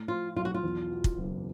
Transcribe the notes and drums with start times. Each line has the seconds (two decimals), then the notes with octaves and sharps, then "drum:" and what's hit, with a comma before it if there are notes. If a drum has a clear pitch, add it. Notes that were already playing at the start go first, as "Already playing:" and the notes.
Already playing: A2
0.08 F3 F4
0.36 B1 F4
0.45 F#4
0.54 F4
0.63 E2
0.91 B2
1.04 drum: kick
1.18 F#1